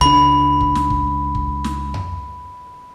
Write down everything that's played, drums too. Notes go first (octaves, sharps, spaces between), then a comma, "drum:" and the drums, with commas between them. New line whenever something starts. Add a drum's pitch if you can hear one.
C#2 D4 B5
drum: kick
drum: snare
drum: kick
drum: kick
drum: snare
drum: tom F2